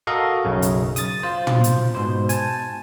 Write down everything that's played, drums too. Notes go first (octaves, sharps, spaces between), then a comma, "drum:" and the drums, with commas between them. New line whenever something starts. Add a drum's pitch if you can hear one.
F#4 A4 A#4 D#5 F5
B1 F#2 C#3
drum: hi-hat
D#6 A6, drum: hi-hat
F4 C5
drum: tom
drum: hi-hat
G#2 B2 C5
G#5 A5, drum: hi-hat